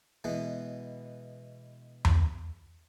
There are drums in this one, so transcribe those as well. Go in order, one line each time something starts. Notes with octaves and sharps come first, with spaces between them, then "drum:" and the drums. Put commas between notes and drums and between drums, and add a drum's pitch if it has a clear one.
B2 E3 G#3 B3
drum: tom E2